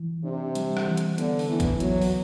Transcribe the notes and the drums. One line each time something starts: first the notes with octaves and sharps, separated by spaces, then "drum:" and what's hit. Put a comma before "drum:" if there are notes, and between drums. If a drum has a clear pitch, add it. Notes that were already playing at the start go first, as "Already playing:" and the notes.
Already playing: E3
C3 D4
G3, drum: hi-hat
drum: rim click
E3
drum: hi-hat
D3 B3, drum: hi-hat
drum: open hi-hat
E3 B3
drum: kick, hi-hat
F#3 B3, drum: hi-hat
drum: open hi-hat